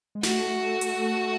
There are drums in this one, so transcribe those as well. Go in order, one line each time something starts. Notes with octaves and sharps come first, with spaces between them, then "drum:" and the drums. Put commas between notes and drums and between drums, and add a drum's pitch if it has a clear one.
G#3
A3 F#4, drum: snare
drum: hi-hat